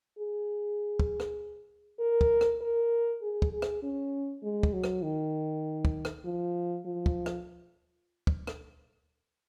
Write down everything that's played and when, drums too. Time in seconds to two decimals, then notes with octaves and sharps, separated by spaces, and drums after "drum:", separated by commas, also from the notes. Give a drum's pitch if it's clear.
0.19 G#4
1.00 drum: kick
1.20 drum: rim click
2.00 A#4
2.21 drum: kick
2.41 drum: rim click
2.61 A#4
3.22 G#4
3.42 drum: kick
3.53 G#4
3.62 drum: rim click
3.83 C#4
4.43 G#3
4.63 drum: kick
4.73 F#3
4.84 drum: rim click
5.03 D#3
5.85 drum: kick
6.05 drum: rim click
6.25 F3
6.86 F3
7.06 drum: kick
7.26 drum: rim click
8.27 drum: kick
8.47 drum: rim click